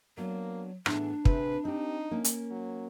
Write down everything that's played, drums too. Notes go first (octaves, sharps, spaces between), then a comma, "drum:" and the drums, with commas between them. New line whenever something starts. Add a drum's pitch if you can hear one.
F#3 A#3 B3 D4 F#4
A2 E3 B3 D4 G#4, drum: rim click
C3 C4 G#4 B4, drum: kick
C4 D#4 G4
A#3 C#4 A#4
drum: hi-hat
F#3